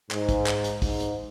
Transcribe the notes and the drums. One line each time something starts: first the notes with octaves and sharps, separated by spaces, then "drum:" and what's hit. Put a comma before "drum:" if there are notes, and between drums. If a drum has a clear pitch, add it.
G#2, drum: clap
drum: kick, hi-hat
drum: clap
drum: hi-hat
G#2, drum: kick, open hi-hat
drum: hi-hat